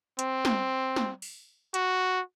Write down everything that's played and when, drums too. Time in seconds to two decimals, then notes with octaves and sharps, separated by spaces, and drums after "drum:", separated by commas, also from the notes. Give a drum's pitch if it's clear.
0.19 C4, drum: hi-hat
0.45 drum: snare
0.96 drum: snare
1.22 drum: open hi-hat
1.74 F#4, drum: hi-hat